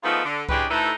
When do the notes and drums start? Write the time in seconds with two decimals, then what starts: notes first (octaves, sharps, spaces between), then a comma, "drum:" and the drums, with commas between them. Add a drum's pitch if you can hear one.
0.03 G#2 F3 A3 B3 D#4 F4
0.24 D3
0.49 C#3 E3 G#3 D4 G4 B4, drum: kick C2
0.70 D2 A3 D#4 E4 A4 B4